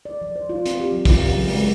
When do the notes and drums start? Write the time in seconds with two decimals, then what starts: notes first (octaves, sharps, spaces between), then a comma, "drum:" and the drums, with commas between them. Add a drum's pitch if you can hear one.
0.05 D5
0.21 F3
0.36 C5
0.49 F4
0.66 C4, drum: hi-hat
0.80 G4
0.92 F#3
1.05 C#3, drum: kick, open hi-hat
1.19 F5
1.35 F#3
1.47 G#3, drum: open hi-hat
1.60 F#3